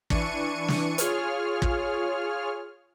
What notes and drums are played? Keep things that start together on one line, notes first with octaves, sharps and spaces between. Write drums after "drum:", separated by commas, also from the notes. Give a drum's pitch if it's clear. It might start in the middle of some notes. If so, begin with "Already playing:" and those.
E3 D4 C#6 C#7 D#7, drum: kick
drum: snare
F4 G#4 C#5 F6, drum: hi-hat
drum: kick